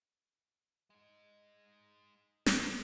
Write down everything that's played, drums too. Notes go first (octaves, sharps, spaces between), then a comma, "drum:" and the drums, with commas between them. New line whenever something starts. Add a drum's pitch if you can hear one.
G#3 D#4
D4, drum: snare